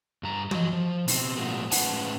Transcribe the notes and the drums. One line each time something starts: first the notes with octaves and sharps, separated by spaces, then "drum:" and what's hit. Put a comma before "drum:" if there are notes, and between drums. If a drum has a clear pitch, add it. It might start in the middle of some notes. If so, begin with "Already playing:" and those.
G2 A#5
F#3 D#5, drum: tom
F3
B2 C4, drum: open hi-hat
A2 F3 G#3 A#3 C4 F#4
A2 G#3 C#4 B4 F#5 A5, drum: open hi-hat